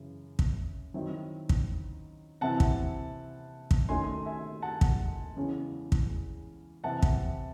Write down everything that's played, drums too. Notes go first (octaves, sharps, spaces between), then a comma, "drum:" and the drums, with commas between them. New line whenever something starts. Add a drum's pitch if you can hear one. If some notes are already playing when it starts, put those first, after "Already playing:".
Already playing: F#2 C#3 E3
drum: kick
D#3 F#3 C4 E4
drum: kick
C3 E3 C4 E4 F#5 A5
drum: kick
drum: kick
D#3 A3 C#4 G#5 C6
E5 G#5
F#5 A5
drum: kick
E2 C#3 G#3 C#4
drum: kick
C3 E3 C4 E4 F#5 A5
drum: kick